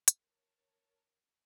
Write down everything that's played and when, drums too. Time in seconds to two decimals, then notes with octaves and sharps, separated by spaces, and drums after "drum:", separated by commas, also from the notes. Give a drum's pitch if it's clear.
0.08 drum: hi-hat
0.17 A#4 C#5 A5